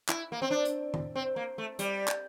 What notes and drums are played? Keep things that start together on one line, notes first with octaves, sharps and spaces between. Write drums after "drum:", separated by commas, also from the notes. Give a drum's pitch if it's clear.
E4, drum: clap
A#3
C4
D4
drum: hi-hat
drum: tom D#3
C4
A#3
A3
G3, drum: hi-hat
drum: clap